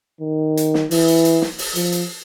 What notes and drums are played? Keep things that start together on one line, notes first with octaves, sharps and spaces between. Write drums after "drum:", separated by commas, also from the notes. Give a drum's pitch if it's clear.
D#3
drum: hi-hat
drum: snare
E3, drum: open hi-hat
drum: hi-hat
drum: hi-hat
drum: snare
drum: open hi-hat
F3, drum: hi-hat
drum: hi-hat